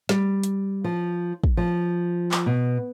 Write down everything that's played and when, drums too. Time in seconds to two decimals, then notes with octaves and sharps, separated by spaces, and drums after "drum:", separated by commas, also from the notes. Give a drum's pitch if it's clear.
0.09 G3, drum: snare
0.43 drum: hi-hat
0.84 F3
1.44 drum: kick
1.57 F3
2.31 drum: clap
2.46 B2